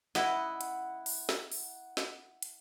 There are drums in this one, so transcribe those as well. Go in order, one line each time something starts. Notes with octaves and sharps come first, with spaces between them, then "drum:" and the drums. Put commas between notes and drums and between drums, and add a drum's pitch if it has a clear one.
E4 D#5 F#5, drum: snare
drum: hi-hat
drum: open hi-hat
drum: snare
drum: open hi-hat
drum: snare
drum: hi-hat